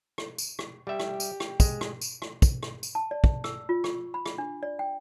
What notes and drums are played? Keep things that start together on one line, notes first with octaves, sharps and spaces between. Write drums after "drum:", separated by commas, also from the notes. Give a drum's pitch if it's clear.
drum: rim click
drum: tambourine
drum: rim click
G3 G4 E5
drum: rim click
drum: tambourine
drum: rim click
G#3, drum: kick, tambourine
drum: rim click
drum: tambourine
drum: rim click
drum: kick, tambourine
drum: rim click
drum: tambourine
A5
D5
drum: kick
E6, drum: rim click
F4
C#6, drum: rim click
B5
drum: rim click
D4
D5
G5